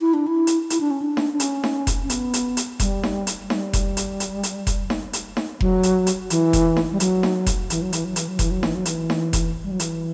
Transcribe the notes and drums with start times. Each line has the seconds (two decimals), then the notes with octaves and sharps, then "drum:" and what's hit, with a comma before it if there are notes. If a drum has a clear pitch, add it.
0.01 E4
0.14 D4
0.27 E4
0.47 drum: hi-hat
0.70 E4, drum: hi-hat
0.80 D4
0.90 C#4
1.02 D4
1.17 drum: snare D#4
1.33 D4
1.40 C#4, drum: hi-hat
1.64 drum: snare D#4
1.87 drum: kick F1, hi-hat
2.03 C#4
2.10 B3, drum: hi-hat
2.33 drum: hi-hat
2.57 drum: hi-hat
2.80 G3, drum: kick F1, hi-hat
3.03 drum: snare D#4
3.27 drum: hi-hat
3.50 G3, drum: snare D#4
3.73 drum: kick F1, hi-hat
3.97 drum: hi-hat
4.20 drum: hi-hat
4.43 drum: hi-hat
4.67 drum: kick F1, hi-hat
4.90 drum: snare D#4
5.13 drum: hi-hat
5.37 drum: snare D#4
5.61 F#3, drum: kick F1
5.83 drum: hi-hat
6.07 drum: hi-hat
6.30 E3, drum: hi-hat
6.53 drum: kick F1, hi-hat
6.77 drum: snare D#4
6.92 G3
7.00 F#3, drum: hi-hat
7.23 drum: snare D#4
7.46 drum: kick F1, hi-hat
7.70 E3, drum: hi-hat
7.82 F#3
7.93 E3, drum: hi-hat
8.05 F#3
8.16 E3, drum: hi-hat
8.28 F#3
8.39 E3, drum: kick F1, hi-hat
8.51 F#3
8.63 E3, drum: snare D#4
8.75 F#3
8.85 E3, drum: hi-hat
9.10 drum: snare D#4
9.33 drum: kick F1, hi-hat
9.63 G3
9.71 F#3
9.80 E3, drum: hi-hat